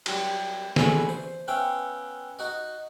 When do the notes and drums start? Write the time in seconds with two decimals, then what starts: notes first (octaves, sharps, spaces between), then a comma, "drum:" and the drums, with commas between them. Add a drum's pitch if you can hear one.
0.06 F#3 G3, drum: cymbal
0.76 A1 D3 E4 G#4 B5 C#6, drum: snare
1.09 C5
1.48 B3 C#4 F4 E5 G5
2.39 D#4 F#4 D#5